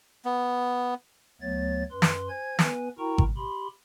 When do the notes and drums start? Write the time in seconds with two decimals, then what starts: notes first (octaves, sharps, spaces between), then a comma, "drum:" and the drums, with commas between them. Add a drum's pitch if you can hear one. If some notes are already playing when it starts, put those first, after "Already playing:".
0.25 B3
1.41 D2 F#3 A3 B3 C#5 A6
1.91 F#2 B4 C6
2.02 drum: snare
2.29 C5 G#5 G#6
2.59 B3 B4 G#5, drum: snare
2.98 E4 F#4 A#4 G5 A#5 C#6
3.18 drum: kick G#1
3.37 G4 B5 C6